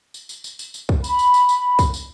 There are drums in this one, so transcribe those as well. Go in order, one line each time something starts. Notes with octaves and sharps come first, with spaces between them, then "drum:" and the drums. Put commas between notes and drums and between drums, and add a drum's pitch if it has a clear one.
drum: tambourine
drum: tambourine
drum: tambourine
drum: tambourine
drum: tambourine
drum: kick
B5, drum: tambourine
drum: tambourine
drum: tambourine
drum: tambourine
drum: kick, tambourine
drum: tambourine